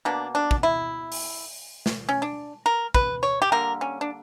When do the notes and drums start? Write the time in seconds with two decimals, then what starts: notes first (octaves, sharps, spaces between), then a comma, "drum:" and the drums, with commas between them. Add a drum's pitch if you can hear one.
0.05 B2 A#3 D4
0.35 D4
0.51 drum: kick
0.63 E4
1.12 drum: open hi-hat
1.86 drum: snare
2.09 C#4
2.22 D4
2.66 A#4
2.94 B4, drum: kick
3.23 C#5
3.42 G4
3.52 D3 G3 A#3 A#4
3.81 C#4
4.01 D4